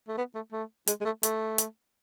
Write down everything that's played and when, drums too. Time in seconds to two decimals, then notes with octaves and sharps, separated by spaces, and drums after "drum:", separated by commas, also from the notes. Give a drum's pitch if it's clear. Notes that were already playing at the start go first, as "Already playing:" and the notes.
0.08 A3
0.17 B3
0.35 A3
0.52 A3
0.87 G#3, drum: hi-hat
1.01 G#3
1.05 A3
1.23 A3, drum: hi-hat
1.58 drum: hi-hat